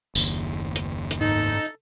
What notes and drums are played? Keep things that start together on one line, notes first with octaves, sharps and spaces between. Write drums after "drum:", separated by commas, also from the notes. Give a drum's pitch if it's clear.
F#1 D#2, drum: tambourine
drum: hi-hat
drum: hi-hat
G#2 D#4 A4